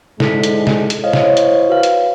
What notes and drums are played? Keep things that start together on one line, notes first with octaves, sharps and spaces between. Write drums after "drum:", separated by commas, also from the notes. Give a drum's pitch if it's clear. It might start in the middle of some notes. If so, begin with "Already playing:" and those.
G#2 D3 G#3 E4 A4 B6, drum: snare
drum: hi-hat
drum: snare
drum: hi-hat
E4 C5 C#5 D#5 F5
drum: snare
drum: hi-hat
F#4 B4 F5
drum: hi-hat